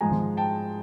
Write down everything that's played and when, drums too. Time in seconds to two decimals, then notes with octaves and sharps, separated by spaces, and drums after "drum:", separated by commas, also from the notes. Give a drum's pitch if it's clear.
0.01 G#2 F3 G#3 G#5 A#5
0.12 drum: tom D#3
0.37 G5 A5